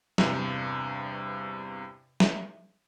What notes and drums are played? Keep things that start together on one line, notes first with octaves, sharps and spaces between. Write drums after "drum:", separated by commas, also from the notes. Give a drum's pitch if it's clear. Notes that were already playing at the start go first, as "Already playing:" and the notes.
E2 G2 C3, drum: snare
drum: snare